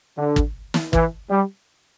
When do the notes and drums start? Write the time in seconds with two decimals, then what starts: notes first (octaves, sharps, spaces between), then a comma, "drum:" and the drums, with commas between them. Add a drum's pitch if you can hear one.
0.17 D3
0.36 drum: kick
0.74 drum: snare
0.93 E3, drum: kick
1.30 G3